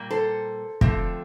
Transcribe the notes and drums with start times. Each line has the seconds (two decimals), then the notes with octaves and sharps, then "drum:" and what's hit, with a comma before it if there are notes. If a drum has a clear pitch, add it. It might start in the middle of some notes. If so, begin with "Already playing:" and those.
Already playing: A#2 G3 A#3
0.10 A4 C5
0.81 D3 F3 A3 C4, drum: kick